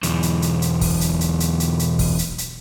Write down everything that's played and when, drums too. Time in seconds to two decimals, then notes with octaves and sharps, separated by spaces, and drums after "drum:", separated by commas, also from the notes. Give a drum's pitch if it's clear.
0.03 B1 E2, drum: hi-hat
0.23 drum: hi-hat
0.42 drum: hi-hat
0.62 drum: hi-hat
0.81 drum: kick, open hi-hat
1.01 drum: hi-hat
1.21 drum: hi-hat
1.40 drum: hi-hat
1.60 drum: hi-hat
1.79 drum: hi-hat
1.99 drum: kick, open hi-hat
2.19 drum: hi-hat
2.38 drum: hi-hat